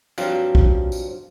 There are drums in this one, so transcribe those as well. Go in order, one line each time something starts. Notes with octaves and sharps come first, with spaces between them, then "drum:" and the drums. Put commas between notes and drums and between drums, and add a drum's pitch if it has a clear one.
G2 F3 F#3 C4 F4, drum: tambourine
drum: kick
drum: tambourine